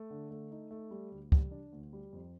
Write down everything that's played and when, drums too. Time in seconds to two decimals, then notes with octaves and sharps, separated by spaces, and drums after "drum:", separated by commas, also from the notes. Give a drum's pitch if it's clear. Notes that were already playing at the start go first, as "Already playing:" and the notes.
Already playing: A3
0.10 D3
0.31 A3
0.51 D#4
0.71 A3
0.91 G3
1.11 D2
1.32 G3, drum: kick
1.51 D4
1.72 D2
1.93 G3
2.13 F2